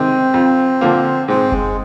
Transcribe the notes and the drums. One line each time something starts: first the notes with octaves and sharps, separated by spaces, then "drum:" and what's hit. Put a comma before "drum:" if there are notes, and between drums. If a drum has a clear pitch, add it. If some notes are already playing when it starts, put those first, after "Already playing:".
Already playing: C3 D#3 G#3 C4
F2
D3 F3 A#3
G#2 C4
G#3, drum: kick F#1